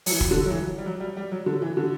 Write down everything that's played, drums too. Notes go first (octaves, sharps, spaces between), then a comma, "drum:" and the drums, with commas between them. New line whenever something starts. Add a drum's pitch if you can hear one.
F#3, drum: open hi-hat
E3
drum: kick
D3
F#3
E3
G3
F#3
G3
G3
F#3
D3
E3
D3